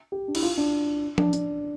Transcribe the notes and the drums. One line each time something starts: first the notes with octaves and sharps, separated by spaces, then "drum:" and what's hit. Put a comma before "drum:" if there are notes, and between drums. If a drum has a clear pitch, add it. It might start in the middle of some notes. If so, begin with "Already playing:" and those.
G4
D4
E4, drum: cymbal
F4
D4
D4, drum: tom F3
D4, drum: hi-hat